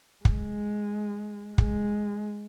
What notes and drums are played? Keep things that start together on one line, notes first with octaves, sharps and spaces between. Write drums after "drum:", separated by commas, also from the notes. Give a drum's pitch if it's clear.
G#3, drum: kick
G#3, drum: kick